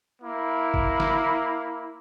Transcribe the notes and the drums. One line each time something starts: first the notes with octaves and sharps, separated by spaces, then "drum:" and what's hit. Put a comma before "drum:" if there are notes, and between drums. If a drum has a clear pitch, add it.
A#3 E4
drum: kick G1
drum: snare